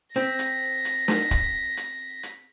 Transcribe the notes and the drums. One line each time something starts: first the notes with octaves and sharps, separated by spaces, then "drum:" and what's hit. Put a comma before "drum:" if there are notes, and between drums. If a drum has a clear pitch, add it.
C4 A#6 B6
drum: hi-hat
drum: hi-hat
drum: snare
drum: kick, hi-hat
drum: hi-hat
drum: hi-hat